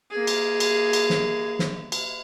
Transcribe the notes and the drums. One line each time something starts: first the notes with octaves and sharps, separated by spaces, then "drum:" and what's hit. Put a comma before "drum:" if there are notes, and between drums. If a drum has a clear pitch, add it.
A#3 G#4
drum: cymbal
drum: cymbal
drum: cymbal
drum: snare
drum: snare
drum: cymbal